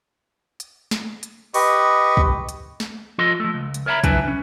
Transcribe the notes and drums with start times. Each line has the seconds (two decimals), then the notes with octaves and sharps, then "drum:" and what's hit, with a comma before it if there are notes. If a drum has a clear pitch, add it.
0.60 drum: hi-hat
0.91 drum: snare
1.23 drum: hi-hat
1.54 G4 B4 D#5 C#6, drum: open hi-hat
2.17 drum: kick
2.49 drum: hi-hat
2.80 drum: snare
3.18 F3 F4 A4 D#5 C6
3.40 F3 A3
3.54 C#2
3.74 drum: hi-hat
3.86 A#4 C#5 E5 F#5 A#5 B5
4.04 C#3 F#3 D4 E4 B4 G#5, drum: kick, hi-hat
4.24 C2 C#4